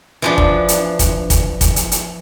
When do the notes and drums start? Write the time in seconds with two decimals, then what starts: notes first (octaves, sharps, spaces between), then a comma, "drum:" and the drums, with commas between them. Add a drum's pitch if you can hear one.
0.22 E3 F3 D4
0.38 drum: kick
0.68 drum: hi-hat
0.99 drum: kick, hi-hat
1.30 drum: kick, hi-hat
1.61 drum: kick, hi-hat
1.76 drum: hi-hat
1.92 drum: hi-hat